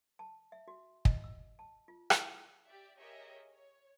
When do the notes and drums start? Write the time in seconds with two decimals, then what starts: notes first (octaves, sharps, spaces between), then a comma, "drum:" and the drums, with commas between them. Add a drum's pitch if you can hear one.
0.19 A5
0.52 E5
0.68 F#4
1.05 D#5, drum: kick
1.24 E6
1.59 A5
1.88 F4
2.10 E4, drum: rim click
2.67 G4 D5 E5
2.98 G4 G#4 A#4 C#5 D#5 E5
3.52 C#5